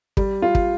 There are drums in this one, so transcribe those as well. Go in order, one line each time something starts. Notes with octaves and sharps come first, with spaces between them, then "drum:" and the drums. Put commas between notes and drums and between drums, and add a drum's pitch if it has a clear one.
G3, drum: kick
F4
drum: kick